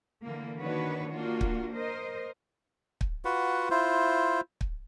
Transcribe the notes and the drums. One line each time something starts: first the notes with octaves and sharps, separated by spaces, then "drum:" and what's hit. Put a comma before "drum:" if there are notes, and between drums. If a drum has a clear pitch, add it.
D3 E3 A#3
D#3 A#3 D4 F#4 B4 C#5
A#3 D4 F4 F#4
drum: kick
A#4 C5 D#5
drum: kick
F4 F#4 B4 F#5
E4 F4 C5
drum: kick